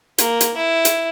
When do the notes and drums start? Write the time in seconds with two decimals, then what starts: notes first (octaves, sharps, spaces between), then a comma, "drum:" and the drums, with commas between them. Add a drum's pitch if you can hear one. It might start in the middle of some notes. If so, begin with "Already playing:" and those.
0.18 A#3, drum: hi-hat
0.41 drum: hi-hat
0.57 E4
0.85 drum: hi-hat